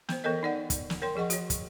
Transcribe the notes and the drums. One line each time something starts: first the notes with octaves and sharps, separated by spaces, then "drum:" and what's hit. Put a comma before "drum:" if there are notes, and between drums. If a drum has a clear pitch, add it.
B3 C5, drum: snare
E3 B3 A4 A#4 D#5
D#4 D5 F#5
drum: kick, hi-hat
drum: snare
A#4 C#5 G5 C6
F3 G#4 D#5 F#5 C#6
F#4 C#5, drum: hi-hat
drum: kick, hi-hat